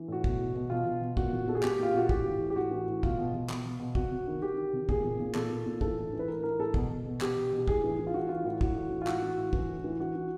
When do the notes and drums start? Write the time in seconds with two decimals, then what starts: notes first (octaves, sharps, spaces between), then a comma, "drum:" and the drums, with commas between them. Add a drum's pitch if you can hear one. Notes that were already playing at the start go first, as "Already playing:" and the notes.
Already playing: E3
0.08 A2 F#4
0.24 B2, drum: kick
0.39 B2
0.55 B2
0.70 B2 F4
0.86 B2
1.01 B2
1.17 A#2 F#4, drum: kick
1.33 A#2
1.48 A#2 A4
1.55 G#4
1.63 A#2 G4, drum: clap
1.78 A#2 F4
1.94 A#2 F#4
2.09 A2 G4, drum: kick
2.26 E3
2.41 A2
2.50 G4
2.56 A2 F#4
2.71 E3
2.87 A2
3.03 B2 F4, drum: kick
3.18 B2
3.34 B2
3.50 B2, drum: clap
3.65 B2
3.80 B2
3.95 C3 F#4, drum: kick
4.11 C3
4.27 D#3
4.42 D#3 G4
4.58 D#3
4.73 C3
4.89 A#2 G#4, drum: kick
5.04 A#2
5.20 A#2
5.35 A#2 A4, drum: clap
5.50 A#2
5.66 A#2
5.81 E3 A4, drum: kick
5.97 A2
6.13 E3
6.19 B4
6.28 A2 A#4
6.43 E3 A#4
6.59 A2 A4
6.74 B2, drum: kick
6.90 B2
7.05 B2
7.21 B2 G4, drum: clap
7.37 B2
7.53 B2
7.58 G4
7.68 A2 G#4, drum: kick
7.83 E3
7.99 E3
8.07 F4
8.14 E3 F#4
8.29 E3 F4
8.45 A2 F#4
8.61 E3 F#4, drum: kick
8.75 A2
8.91 E3
9.02 F4
9.07 A2 F#4, drum: clap
9.22 E3
9.38 A2
9.53 E3, drum: kick
9.69 A2
9.84 E3
9.99 E3 F#4
10.15 E3